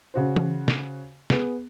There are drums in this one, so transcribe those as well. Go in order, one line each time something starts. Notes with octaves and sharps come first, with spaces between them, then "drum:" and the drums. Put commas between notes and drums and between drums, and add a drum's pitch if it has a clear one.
C#3 F#4 C5
drum: tom E3
drum: snare
B3 G#4, drum: snare